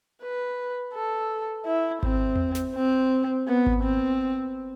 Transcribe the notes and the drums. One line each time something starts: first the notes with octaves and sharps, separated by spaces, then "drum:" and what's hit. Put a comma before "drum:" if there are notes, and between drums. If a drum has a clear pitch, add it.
B4
A4
E4
C4, drum: kick G#1
drum: tom E2
drum: snare
C4
B3
drum: kick G#1
C4